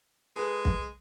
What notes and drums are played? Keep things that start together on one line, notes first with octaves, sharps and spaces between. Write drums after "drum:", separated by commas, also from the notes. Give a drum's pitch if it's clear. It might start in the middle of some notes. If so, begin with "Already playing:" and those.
G#3 G#4 A4 B4
drum: kick